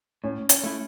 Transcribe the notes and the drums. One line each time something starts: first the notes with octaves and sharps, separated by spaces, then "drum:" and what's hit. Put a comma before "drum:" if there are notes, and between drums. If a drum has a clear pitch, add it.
A2 C#4
C#4, drum: hi-hat
A3 E4